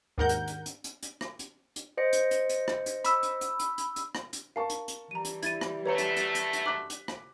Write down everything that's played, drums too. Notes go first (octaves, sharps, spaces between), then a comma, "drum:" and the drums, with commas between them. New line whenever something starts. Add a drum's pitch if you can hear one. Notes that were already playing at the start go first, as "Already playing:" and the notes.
D#2 G#2 A#4 F#5 G6
drum: hi-hat
drum: hi-hat
drum: hi-hat
drum: hi-hat
drum: hi-hat
drum: rim click
drum: hi-hat
drum: hi-hat
C5 D#5 C#7
drum: hi-hat
drum: hi-hat
drum: hi-hat
drum: rim click
drum: hi-hat
B5 E6, drum: hi-hat
drum: hi-hat
drum: hi-hat
drum: hi-hat
drum: hi-hat
drum: hi-hat
drum: rim click
drum: hi-hat
A#4 F5 A5 C#6
drum: hi-hat
drum: hi-hat
E3 G3 A#5 D#7
drum: hi-hat
E4 G#6 A6 D#7, drum: hi-hat
drum: rim click
F#2 A3 B4 C#5 A#5 C#7
drum: hi-hat
drum: hi-hat
drum: hi-hat
drum: hi-hat
D6 F#6 B6 F#7
drum: hi-hat
drum: rim click